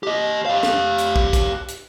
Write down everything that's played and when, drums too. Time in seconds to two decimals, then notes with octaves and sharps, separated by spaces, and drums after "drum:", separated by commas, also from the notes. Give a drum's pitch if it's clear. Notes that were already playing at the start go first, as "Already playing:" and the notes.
0.03 G4 D#5
0.46 G4 F5
0.63 drum: snare
0.98 drum: hi-hat
1.16 drum: kick
1.33 drum: kick, hi-hat
1.68 drum: hi-hat